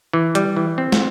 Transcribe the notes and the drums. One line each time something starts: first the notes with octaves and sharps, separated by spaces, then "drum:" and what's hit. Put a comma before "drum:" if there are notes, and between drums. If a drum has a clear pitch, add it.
E3
G3, drum: hi-hat
E3
C4
drum: snare